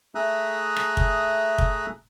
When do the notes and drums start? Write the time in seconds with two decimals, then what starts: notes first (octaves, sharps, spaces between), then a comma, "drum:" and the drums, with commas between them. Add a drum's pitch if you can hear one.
0.15 A3 G#4 E5 A#5 D#6 F#6
0.76 drum: rim click
0.97 drum: kick
1.58 drum: kick